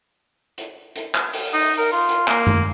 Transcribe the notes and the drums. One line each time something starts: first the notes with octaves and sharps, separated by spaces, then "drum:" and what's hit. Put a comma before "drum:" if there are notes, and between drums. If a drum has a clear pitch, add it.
drum: hi-hat
drum: hi-hat
drum: clap
drum: open hi-hat
D#4
A#4
F4
drum: hi-hat
A#3, drum: clap
drum: tom F#2